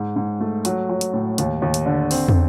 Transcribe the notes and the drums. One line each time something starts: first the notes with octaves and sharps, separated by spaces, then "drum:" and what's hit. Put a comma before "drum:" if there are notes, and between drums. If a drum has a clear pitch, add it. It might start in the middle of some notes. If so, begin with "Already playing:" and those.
Already playing: G#2
G#2
A3
F#3, drum: hi-hat
F#3
drum: hi-hat
A2
D#2, drum: hi-hat
D#2
drum: hi-hat
D3
C4, drum: open hi-hat
drum: tom